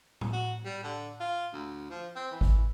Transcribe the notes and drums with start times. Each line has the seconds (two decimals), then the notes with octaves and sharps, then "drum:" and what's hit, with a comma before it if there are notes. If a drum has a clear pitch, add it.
0.21 drum: tom A2
0.33 F#4
0.65 G3
0.83 D3
1.20 F4
1.53 D2
1.90 F3
2.16 C4
2.31 E3
2.41 drum: kick G#1